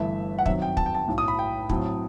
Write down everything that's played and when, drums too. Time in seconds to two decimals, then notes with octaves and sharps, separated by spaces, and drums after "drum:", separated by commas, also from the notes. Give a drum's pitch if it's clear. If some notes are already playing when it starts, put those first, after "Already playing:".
Already playing: G1 G2 E3 A3 E4 E5
0.39 F#5
0.46 F#2 D#3 F#3 C4 E5, drum: kick
0.62 G5
0.77 A5, drum: kick
0.86 G5
0.95 A5
1.08 B1 A2 F#3
1.18 D#6
1.28 B5
1.39 G5
1.69 A2 F#3 C4, drum: kick